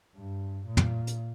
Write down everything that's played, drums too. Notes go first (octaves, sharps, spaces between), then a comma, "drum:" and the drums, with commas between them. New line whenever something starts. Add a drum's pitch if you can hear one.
G2
A#2
drum: tom
drum: hi-hat